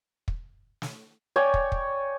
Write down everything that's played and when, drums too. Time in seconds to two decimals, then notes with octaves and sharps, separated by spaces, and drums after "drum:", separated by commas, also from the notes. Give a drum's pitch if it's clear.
0.28 drum: kick
0.82 drum: snare
1.36 C#5 D5 G5 G#5
1.54 drum: kick
1.72 drum: kick